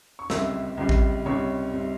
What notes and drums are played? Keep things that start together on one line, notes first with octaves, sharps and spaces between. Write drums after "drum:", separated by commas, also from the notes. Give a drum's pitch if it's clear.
C#6
C#2 C3 G3 E5 E6, drum: snare
C#2 C3 G3
drum: kick A1
C#2 C3 G3 C#5 C#6
C3 G3